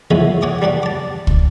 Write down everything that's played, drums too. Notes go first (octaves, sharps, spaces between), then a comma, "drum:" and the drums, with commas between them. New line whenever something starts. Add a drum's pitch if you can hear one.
F3 G#3 B3 E4 B4 C#5
C#5 F#5 G5 D6 D#6
G3 D4 B4 F#5
A5 D6
drum: kick